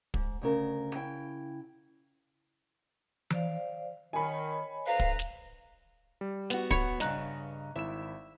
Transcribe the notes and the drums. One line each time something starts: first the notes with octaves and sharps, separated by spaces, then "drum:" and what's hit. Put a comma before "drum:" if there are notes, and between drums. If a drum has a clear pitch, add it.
G#2, drum: kick
D2 C#3 A#4
C#3 E4 G5
C5 D5 F5, drum: tom E3
D#3 C#5 D#5 G#5 B5
D2 B4 F5 A#5
drum: kick
drum: snare
G3
B3 F#4, drum: snare
C#5 B5, drum: kick
G2 C#3 D#5 A#5 F#6, drum: snare
G#1 E4 E5 E7